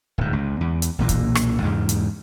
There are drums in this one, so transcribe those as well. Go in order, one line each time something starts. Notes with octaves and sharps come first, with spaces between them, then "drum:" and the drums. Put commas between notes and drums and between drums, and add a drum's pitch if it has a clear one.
D1 G#2
C#2
E2
drum: hi-hat
B1 A#2 E3 A#3
drum: kick, hi-hat
drum: rim click
E2 G#2 C#3
drum: hi-hat